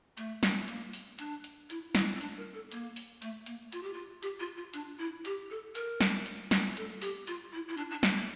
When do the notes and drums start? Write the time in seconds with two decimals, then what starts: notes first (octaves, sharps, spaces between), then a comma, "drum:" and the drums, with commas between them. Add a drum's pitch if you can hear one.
0.17 A3, drum: hi-hat
0.43 drum: snare
0.68 A#3, drum: hi-hat
0.93 drum: open hi-hat
1.19 D4, drum: hi-hat
1.44 drum: hi-hat
1.70 E4, drum: hi-hat
1.95 E4, drum: snare
2.16 C4
2.21 D4, drum: hi-hat
2.37 A#4
2.54 A4
2.72 A#3, drum: hi-hat
2.96 drum: open hi-hat
3.22 A3, drum: hi-hat
3.46 A#3, drum: hi-hat
3.73 F4, drum: hi-hat
3.83 G4
3.93 F4
4.23 G4, drum: hi-hat
4.40 F4
4.57 F4
4.74 D4, drum: hi-hat
4.99 E4
5.25 G4, drum: hi-hat
5.50 A4
5.75 A#4, drum: hi-hat
6.01 drum: snare
6.26 drum: hi-hat
6.51 drum: snare
6.77 A4, drum: hi-hat
7.02 G4, drum: open hi-hat
7.27 F4, drum: hi-hat
7.53 E4
7.68 E4
7.77 D4, drum: hi-hat
7.91 D4
8.03 A3, drum: snare
8.16 A#3